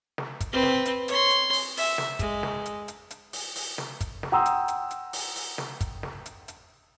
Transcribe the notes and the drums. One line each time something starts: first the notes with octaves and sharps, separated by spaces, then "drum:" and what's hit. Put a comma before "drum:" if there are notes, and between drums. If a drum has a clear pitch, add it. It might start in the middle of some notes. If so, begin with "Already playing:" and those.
drum: snare
drum: kick, hi-hat
C4 B4
drum: snare
drum: hi-hat
C#5 C6, drum: hi-hat
drum: hi-hat
drum: open hi-hat
E5, drum: open hi-hat
drum: snare
G#3, drum: kick, hi-hat
drum: snare
drum: hi-hat
drum: hi-hat
drum: hi-hat
drum: open hi-hat
drum: open hi-hat
drum: snare
drum: kick, hi-hat
drum: snare
F#5 G5 A#5 C6 D#6 E6
drum: hi-hat
drum: hi-hat
drum: hi-hat
drum: open hi-hat
drum: open hi-hat
drum: snare
drum: kick, hi-hat
drum: snare
drum: hi-hat
drum: hi-hat